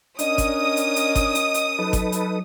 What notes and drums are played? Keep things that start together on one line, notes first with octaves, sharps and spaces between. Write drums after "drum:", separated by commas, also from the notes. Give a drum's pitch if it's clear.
C#4 D4 A#4 D#5 D#6, drum: hi-hat
drum: kick G1, hi-hat
drum: hi-hat
drum: hi-hat
drum: kick G1, hi-hat
drum: hi-hat
drum: hi-hat
F#3 D#4 A4 B4
drum: kick G1, hi-hat
drum: hi-hat